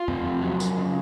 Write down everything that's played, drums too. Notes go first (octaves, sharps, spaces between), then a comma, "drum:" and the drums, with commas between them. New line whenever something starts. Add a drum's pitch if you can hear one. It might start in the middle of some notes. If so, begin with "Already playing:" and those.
Already playing: F4
C3, drum: tom E2
F2
F#3
F#2, drum: tambourine
C#3